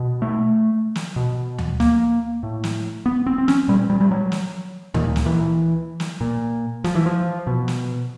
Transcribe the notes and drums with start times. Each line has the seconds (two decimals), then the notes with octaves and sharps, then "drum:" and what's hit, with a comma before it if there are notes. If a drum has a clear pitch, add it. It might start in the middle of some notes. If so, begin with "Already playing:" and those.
Already playing: B2
0.22 A3
0.95 drum: snare
1.16 B2
1.59 drum: tom D2
1.80 A#3, drum: snare
2.43 A2
2.64 drum: snare
3.06 B3
3.27 C4
3.38 C4
3.48 C#4, drum: snare
3.68 A#2 G3
3.90 G3
4.01 G3
4.11 F#3
4.32 drum: snare
4.94 A#2 D#3, drum: tom D2
5.16 drum: snare
5.26 E3
6.00 drum: snare
6.21 A#2
6.84 F3, drum: snare
6.95 E3
7.06 F3
7.47 B2
7.68 drum: snare